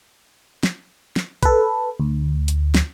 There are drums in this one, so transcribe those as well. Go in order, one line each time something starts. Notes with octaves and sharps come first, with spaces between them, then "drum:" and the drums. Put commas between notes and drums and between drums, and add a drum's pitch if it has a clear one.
drum: snare
drum: snare
A4 B4, drum: kick, hi-hat
D2
drum: hi-hat
drum: snare